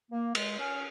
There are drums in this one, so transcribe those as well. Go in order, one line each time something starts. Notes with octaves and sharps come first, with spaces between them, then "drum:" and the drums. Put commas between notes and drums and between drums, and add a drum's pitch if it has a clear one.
A#3
G#3, drum: cymbal
C#4